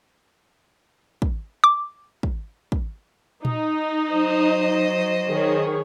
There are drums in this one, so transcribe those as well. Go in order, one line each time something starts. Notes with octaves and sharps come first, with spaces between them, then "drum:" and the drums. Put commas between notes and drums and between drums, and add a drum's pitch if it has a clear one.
drum: kick
D6
drum: kick
drum: kick
D#4, drum: tom A#2
F#3 C5 D#5
D#3 G#4 C#5